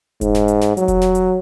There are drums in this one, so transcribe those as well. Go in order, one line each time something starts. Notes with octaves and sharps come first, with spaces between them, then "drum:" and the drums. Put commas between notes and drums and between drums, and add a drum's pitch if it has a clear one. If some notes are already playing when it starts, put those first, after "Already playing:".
G#2, drum: kick F1, hi-hat
drum: snare
drum: hi-hat
drum: snare
F#3, drum: hi-hat
drum: kick F1, hi-hat
drum: snare
drum: hi-hat